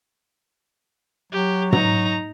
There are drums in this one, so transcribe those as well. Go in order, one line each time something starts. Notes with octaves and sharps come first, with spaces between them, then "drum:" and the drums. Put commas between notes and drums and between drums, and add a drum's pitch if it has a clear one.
F#3 G4
D#4 A#5, drum: tom